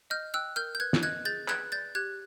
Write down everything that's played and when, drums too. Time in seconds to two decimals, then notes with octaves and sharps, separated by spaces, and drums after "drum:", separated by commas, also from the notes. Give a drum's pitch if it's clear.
0.10 D#5 F6 G6
0.34 G5 E6 F#6
0.56 A#4 F6 G6
0.75 G6
0.80 B4 F#6 G#6
0.93 drum: snare
1.02 D#5 F#6 G#6
1.25 G#4 G6 A6
1.48 B4 F#6 G#6, drum: clap
1.72 D5 G6 A6
1.95 G4 F#6 G#6